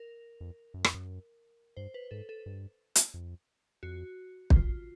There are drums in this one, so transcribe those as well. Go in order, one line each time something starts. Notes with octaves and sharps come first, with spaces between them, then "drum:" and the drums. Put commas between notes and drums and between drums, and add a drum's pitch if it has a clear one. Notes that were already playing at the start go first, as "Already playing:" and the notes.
Already playing: A#4
F2
F#2
F2, drum: rim click
F#2
G2 C5
B4
G#2 A4
A4
G2
drum: hi-hat
F2
F2 F#4
F2 F4, drum: kick